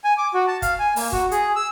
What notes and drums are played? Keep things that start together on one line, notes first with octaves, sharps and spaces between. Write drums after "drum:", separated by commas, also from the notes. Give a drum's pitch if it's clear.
G#5
D6
F#4
A5
F5, drum: kick, hi-hat
G#5
A#3, drum: open hi-hat
F#4, drum: kick
G#4, drum: hi-hat
E6